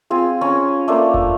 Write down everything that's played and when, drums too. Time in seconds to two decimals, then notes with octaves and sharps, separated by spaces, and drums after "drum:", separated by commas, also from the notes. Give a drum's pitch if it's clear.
0.10 C4 F4 G#4
0.41 C#4 G#4 A#5
0.88 A3 A#3 D4 C5
1.14 drum: kick F1